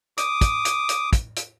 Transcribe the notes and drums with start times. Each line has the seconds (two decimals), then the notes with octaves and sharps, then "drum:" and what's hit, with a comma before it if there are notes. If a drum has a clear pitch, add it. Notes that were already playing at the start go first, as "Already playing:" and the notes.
0.18 D6 D#6, drum: hi-hat
0.41 drum: kick, hi-hat
0.65 drum: hi-hat
0.89 drum: hi-hat
1.13 drum: kick, hi-hat
1.36 drum: hi-hat